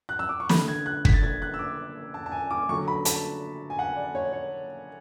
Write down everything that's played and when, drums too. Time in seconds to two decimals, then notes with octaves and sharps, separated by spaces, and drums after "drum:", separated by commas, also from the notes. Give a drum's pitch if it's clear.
0.09 F#6
0.19 E6
0.29 D6
0.40 C#6
0.49 D3 A3 B5, drum: snare
0.68 G#6
0.86 F#6
1.05 B6, drum: kick
1.14 A6
1.23 G#6
1.42 F#6
1.54 E6
1.59 D6
2.14 A5
2.26 A5
2.32 G#5
2.51 D6
2.69 D3 F#3 A3 C#6
2.88 B5
3.05 A5, drum: hi-hat
3.70 G#5
3.79 F#5
3.96 D5
4.15 C#5
4.32 C#5